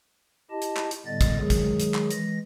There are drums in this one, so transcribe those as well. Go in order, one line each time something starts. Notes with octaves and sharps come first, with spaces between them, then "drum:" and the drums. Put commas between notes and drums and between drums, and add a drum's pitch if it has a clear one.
E4 G4 D#5 A5
drum: hi-hat
drum: clap
drum: hi-hat
A2 D3 G3 B3 D#5 A6
drum: kick, hi-hat
D#3 F#3 G#3 G#4
drum: kick, hi-hat
drum: hi-hat
drum: clap
E3 G#3 A#6, drum: hi-hat